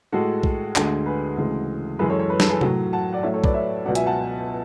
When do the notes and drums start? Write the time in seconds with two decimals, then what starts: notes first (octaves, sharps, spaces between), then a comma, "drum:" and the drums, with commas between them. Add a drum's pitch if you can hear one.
0.12 A2 G#3 F#4 A4
0.43 drum: kick
0.76 D2 D3 G#3, drum: clap
1.06 G#4 B4
1.37 D2 C#3 E3 G#3
1.99 F#2 E3 G#3 G#4 B4
2.09 A4 C#5
2.19 C#5
2.30 B4
2.40 A4, drum: snare
2.49 G#4 B4
2.61 A2 F#3, drum: tom C3
2.93 F#5 A5
3.13 D5 F#5
3.23 A2 F#3 C#5 E5
3.34 A4 C#5
3.44 B4 D5, drum: kick
3.54 C#5 E5
3.85 C#2 B2 F#3 D5 F#5
3.95 E5 G#5, drum: hi-hat
4.06 F#5 A5